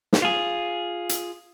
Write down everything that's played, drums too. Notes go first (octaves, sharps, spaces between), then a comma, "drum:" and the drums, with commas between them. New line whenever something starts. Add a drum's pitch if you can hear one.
drum: snare
F4 G#4
drum: hi-hat